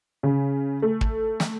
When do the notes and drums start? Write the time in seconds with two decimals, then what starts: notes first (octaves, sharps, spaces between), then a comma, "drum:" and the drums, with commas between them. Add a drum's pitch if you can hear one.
0.23 C#3
0.82 A3
1.01 drum: kick
1.40 drum: snare